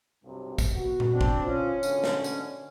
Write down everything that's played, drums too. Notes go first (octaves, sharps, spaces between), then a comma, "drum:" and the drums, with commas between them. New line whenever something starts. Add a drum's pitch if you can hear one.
B1 G2 C3
drum: kick, tambourine
B3 F#4
drum: tom A#2
C4 D4
drum: kick
C#4 F4
G#2 B2 D3, drum: tambourine
drum: snare
drum: tambourine